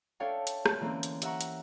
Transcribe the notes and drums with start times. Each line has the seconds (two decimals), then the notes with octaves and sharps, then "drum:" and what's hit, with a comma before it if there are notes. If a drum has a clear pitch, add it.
0.20 D4 A4 C#5 E5 F5 G5
0.47 drum: hi-hat
0.66 drum: rim click
0.80 D3 E3 A#3 C4 C#4 E4
1.03 drum: hi-hat
1.22 G4 E5 F#5 A#5 C#6, drum: hi-hat
1.41 drum: hi-hat